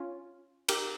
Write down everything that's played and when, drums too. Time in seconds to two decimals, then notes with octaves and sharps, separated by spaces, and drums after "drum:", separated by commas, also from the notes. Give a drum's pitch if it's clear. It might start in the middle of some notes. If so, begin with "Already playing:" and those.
Already playing: C#4 F4
0.68 G4 A#4, drum: cymbal